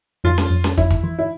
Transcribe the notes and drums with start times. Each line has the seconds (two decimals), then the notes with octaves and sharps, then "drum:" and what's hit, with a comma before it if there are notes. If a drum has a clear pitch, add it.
0.24 F2 F4
0.38 drum: snare C#4
0.50 F2
0.64 drum: snare C#4
0.77 F2 E4, drum: kick
0.90 drum: kick
1.04 E3
1.19 E4